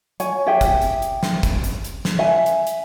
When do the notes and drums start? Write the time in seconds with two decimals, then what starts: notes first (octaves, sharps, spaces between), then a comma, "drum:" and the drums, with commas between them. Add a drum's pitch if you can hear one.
0.20 C#5 G#5, drum: hi-hat
0.46 G4 G#4 E5 G5
0.61 drum: kick, hi-hat
0.82 drum: hi-hat
1.02 drum: hi-hat
1.23 drum: snare
1.43 drum: kick, hi-hat
1.64 drum: hi-hat
1.84 drum: hi-hat
2.05 drum: snare
2.19 E5 G#5
2.46 drum: hi-hat
2.67 drum: hi-hat